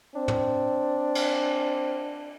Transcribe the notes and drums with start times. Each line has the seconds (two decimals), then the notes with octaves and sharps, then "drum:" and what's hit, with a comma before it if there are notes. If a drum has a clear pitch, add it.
0.15 C4 D4
0.28 drum: tom
1.15 drum: cymbal